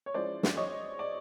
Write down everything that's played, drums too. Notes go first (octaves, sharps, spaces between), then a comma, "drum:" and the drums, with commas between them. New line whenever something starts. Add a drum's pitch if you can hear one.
C#5
F3 G#3 C#4 E4 C5 D5
drum: snare
C#5 D#5
D5